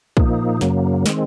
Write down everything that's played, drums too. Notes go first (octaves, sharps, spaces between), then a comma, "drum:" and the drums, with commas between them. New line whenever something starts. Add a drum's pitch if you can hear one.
A#2 F3 A#3 D#4, drum: kick
F#2 C#3 F#3 A#3, drum: snare
D#3 G#3 C4, drum: snare